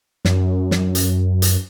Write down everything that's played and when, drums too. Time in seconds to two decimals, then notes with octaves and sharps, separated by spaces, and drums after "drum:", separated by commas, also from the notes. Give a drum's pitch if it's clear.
0.25 F#2, drum: snare
0.71 drum: snare
0.95 drum: hi-hat
1.42 drum: hi-hat